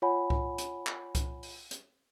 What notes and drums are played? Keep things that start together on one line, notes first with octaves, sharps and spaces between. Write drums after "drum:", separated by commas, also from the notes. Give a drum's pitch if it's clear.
F4 C#5 F#5 G#5 B5
drum: kick C2
drum: hi-hat
drum: clap
drum: kick C2, hi-hat
drum: open hi-hat
drum: hi-hat